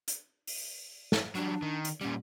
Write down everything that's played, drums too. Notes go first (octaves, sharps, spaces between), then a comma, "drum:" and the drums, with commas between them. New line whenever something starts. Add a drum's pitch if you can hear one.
drum: hi-hat
drum: open hi-hat
drum: snare
F#3 G3 D4
D#3
drum: hi-hat
A#2 G3 C#4